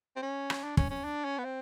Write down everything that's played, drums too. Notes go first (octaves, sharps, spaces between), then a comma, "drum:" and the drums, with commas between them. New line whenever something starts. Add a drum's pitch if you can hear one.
C4
C#4
drum: rim click
D4
C#4, drum: kick
C#4
D4
C#4
B3
C4